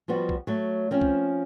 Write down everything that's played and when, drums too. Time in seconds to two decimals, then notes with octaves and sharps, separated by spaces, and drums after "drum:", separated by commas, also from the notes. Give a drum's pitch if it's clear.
0.08 F3 G3 B3 F#4
0.29 drum: kick B1
0.47 F#3 A3
0.91 F3 C4 C#4
1.01 drum: kick B1